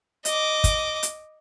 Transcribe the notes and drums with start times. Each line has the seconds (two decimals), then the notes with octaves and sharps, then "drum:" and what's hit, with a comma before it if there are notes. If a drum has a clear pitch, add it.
0.25 D#5 D6, drum: hi-hat
0.64 drum: kick, hi-hat
1.03 drum: hi-hat